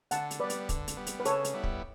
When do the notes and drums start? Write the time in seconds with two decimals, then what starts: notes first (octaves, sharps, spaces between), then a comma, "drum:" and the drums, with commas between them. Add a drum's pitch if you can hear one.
0.11 D3 F#5 A5, drum: hi-hat
0.31 drum: hi-hat
0.40 G3 B3 B4 D5
0.50 drum: hi-hat
0.69 D3, drum: kick, hi-hat
0.88 drum: hi-hat
0.97 G3 B3
1.07 drum: hi-hat
1.20 B4
1.25 C#3 A4 C#5, drum: hi-hat
1.45 drum: hi-hat
1.54 G3 B3 E4
1.63 drum: kick